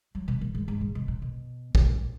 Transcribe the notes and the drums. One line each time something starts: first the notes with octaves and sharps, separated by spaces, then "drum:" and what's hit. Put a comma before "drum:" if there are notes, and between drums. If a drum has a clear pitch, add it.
F#3
B2
A#2
G#2
G#2
A#2
B2
A#2
B2
B2, drum: kick
G#2
A#2